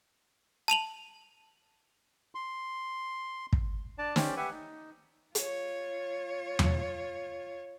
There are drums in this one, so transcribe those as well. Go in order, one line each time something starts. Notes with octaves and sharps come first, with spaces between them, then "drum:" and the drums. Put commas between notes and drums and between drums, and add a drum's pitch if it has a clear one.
A5 D#7 F7 F#7
C6
drum: kick
D4 D5 A5
C#4 G4 C5 D5, drum: snare
G4 B4 E5 F#5 G#5
D#4
F4 C#5, drum: hi-hat
drum: tom E2